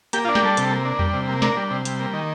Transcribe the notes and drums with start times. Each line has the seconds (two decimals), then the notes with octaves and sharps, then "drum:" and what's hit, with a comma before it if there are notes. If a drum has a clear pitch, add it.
0.13 A#3 G4, drum: hi-hat
0.25 F4
0.29 D4
0.35 G4, drum: snare
0.43 G3 A4
0.57 C3, drum: hi-hat
0.71 A#3
0.85 D4
0.99 G3, drum: tom E2
1.13 C3
1.28 A#3
1.42 D4 A#4, drum: snare
1.57 G3
1.71 C3
1.85 G3, drum: hi-hat
2.00 A#3
2.13 D#3